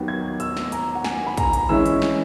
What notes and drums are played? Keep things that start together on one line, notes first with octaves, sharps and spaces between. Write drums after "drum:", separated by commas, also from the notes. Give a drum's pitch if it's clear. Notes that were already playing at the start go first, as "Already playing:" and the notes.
Already playing: D#2 D#3 F#3 B3 D#4
G#6
E6, drum: hi-hat
drum: snare
A#5, drum: hi-hat
F#5
G#5, drum: snare
B5
A#5, drum: kick, hi-hat
drum: hi-hat
E3 G#3 C#4 E4 E6
drum: hi-hat
drum: snare